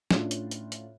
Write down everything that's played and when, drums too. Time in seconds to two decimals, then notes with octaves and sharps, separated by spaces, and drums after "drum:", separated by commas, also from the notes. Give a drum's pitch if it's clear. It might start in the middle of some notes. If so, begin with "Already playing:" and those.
0.11 A2 C#4 D4 F4, drum: snare
0.31 drum: hi-hat
0.51 drum: hi-hat
0.72 drum: hi-hat